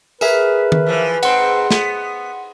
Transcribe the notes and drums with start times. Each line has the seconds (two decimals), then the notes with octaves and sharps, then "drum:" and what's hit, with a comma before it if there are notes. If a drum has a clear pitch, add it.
0.21 G#4 A#4 B4 E5, drum: tambourine
0.72 drum: tom D#3
0.86 E3 F3
1.23 G#2 C4 F#5 C6, drum: cymbal
1.71 B3, drum: snare